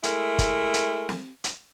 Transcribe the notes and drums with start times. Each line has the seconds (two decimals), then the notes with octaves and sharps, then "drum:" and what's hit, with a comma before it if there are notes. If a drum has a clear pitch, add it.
0.03 G#3 A3 E4 A#4, drum: hi-hat
0.39 drum: kick, hi-hat
0.74 drum: hi-hat
1.09 drum: snare
1.44 drum: hi-hat